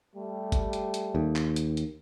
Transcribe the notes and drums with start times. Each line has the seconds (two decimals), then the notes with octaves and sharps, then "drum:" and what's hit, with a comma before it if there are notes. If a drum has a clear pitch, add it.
0.16 G3 A3 G4
0.52 drum: kick, hi-hat
0.73 drum: hi-hat
0.94 drum: hi-hat
1.15 D#2
1.36 drum: clap
1.56 drum: hi-hat
1.77 drum: hi-hat